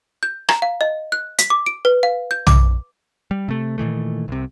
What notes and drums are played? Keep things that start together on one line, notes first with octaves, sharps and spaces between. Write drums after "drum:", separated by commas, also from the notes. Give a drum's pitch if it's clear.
G6
A#5, drum: rim click
F5
D#5
F#6
B6, drum: hi-hat
D6
D7
B4
F5
G6
D6, drum: tom
G3
C3 A3
A#2 D#3 E3 A3
C2 C3